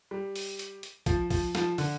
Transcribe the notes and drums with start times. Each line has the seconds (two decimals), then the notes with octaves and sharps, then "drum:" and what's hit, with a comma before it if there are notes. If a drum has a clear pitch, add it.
0.11 G3
0.36 drum: open hi-hat
0.59 drum: hi-hat
0.83 drum: hi-hat
1.06 F3, drum: kick, hi-hat
1.30 F3, drum: kick, open hi-hat
1.55 F3, drum: snare
1.78 D3, drum: open hi-hat